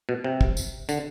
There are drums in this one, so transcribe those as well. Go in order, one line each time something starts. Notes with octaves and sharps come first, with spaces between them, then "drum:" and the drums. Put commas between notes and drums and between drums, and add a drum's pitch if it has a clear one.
B2
C3
drum: kick
drum: tambourine
D3, drum: tambourine